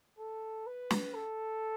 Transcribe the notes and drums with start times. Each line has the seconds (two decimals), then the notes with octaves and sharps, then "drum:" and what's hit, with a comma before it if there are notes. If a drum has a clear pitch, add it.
0.19 A4
0.66 B4
0.91 drum: snare
1.14 A4